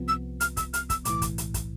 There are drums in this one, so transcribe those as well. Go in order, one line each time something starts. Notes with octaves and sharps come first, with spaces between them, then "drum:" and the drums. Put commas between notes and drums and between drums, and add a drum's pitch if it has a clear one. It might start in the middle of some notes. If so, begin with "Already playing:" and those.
Already playing: C2 C3 F3 B3
E6
F6, drum: hi-hat
E6, drum: kick, hi-hat
F6, drum: hi-hat
E6, drum: kick, hi-hat
B1 A2 E3 D6, drum: hi-hat
drum: kick, hi-hat
drum: hi-hat
drum: kick, hi-hat